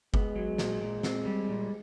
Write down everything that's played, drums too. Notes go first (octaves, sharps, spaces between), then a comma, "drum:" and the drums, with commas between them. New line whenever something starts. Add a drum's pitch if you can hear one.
G#3 B3, drum: kick F#1
F#3
A#2, drum: snare
A#2
C4, drum: snare
G3
A#2